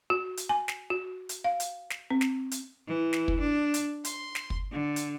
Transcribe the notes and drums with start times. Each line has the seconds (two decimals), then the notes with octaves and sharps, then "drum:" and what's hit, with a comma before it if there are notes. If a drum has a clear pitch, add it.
0.10 F#4
0.37 drum: hi-hat
0.49 G#5
0.68 drum: snare
0.90 F#4
1.29 drum: hi-hat
1.44 F5
1.60 drum: hi-hat
1.90 drum: snare
2.10 C4
2.21 drum: snare
2.51 drum: hi-hat
2.88 E3
3.13 drum: snare
3.28 drum: kick
3.40 D4
3.74 drum: hi-hat
4.05 C6, drum: hi-hat
4.35 drum: snare
4.50 drum: kick
4.72 D3
4.96 drum: hi-hat